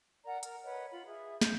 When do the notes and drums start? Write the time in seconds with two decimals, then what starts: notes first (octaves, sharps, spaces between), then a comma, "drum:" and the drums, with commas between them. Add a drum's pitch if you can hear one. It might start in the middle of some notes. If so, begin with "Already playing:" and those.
0.24 A#4 D5 F#5 A#5
0.43 A#4, drum: hi-hat
0.63 B4 C#5 D#5 F#5
0.91 F4 B5
1.05 G#4 E5
1.41 G6, drum: snare